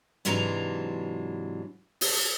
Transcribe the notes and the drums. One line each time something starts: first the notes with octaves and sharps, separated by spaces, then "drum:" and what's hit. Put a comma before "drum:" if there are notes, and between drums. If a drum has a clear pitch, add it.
G#2 C3 E3 F#3 D4 A#5
drum: open hi-hat